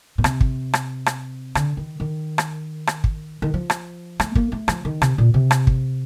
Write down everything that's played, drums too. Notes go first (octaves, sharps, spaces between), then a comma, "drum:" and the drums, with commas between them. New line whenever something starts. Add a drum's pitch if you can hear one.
A#2
C3, drum: rim click
drum: kick
drum: rim click
drum: rim click
D3, drum: rim click
D#3
D#3
drum: rim click
drum: rim click
drum: kick
D#3
F3
drum: rim click
A3, drum: rim click
A#3, drum: kick
A3
F3, drum: rim click
D#3
C3, drum: rim click
A#2
C3
drum: rim click
drum: kick